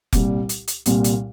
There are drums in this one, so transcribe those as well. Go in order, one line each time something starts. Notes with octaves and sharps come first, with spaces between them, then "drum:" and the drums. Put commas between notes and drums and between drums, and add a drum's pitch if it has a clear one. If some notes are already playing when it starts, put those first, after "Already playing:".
C2 A#2 G3, drum: kick F1, hi-hat
drum: hi-hat
drum: hi-hat
C2 A#2 G3, drum: hi-hat
drum: hi-hat